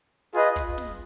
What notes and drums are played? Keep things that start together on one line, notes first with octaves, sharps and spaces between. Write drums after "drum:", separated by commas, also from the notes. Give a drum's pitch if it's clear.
F4 G#4 B4 D#5, drum: open hi-hat
drum: kick, hi-hat
drum: snare